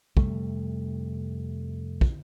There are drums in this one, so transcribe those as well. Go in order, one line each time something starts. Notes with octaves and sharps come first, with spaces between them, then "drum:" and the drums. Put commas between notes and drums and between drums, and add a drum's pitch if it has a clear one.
F2 C3 G3 A3, drum: kick
drum: kick